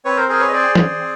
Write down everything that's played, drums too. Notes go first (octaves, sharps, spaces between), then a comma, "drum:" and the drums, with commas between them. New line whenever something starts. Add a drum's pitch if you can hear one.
C4 B4 C#5
A#4 C5
G#4 A#4 C5
B4 C#5
D#5
G#4 C5 D5
G#4, drum: tom E3
C4